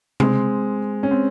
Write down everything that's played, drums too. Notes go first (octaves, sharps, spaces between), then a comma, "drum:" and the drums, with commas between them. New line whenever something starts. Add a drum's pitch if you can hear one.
G#3 C4, drum: tom C3
C#4
C4